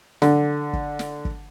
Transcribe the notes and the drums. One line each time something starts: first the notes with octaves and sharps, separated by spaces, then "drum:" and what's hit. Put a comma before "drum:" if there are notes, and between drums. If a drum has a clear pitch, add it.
D3, drum: snare
drum: kick
drum: snare
drum: kick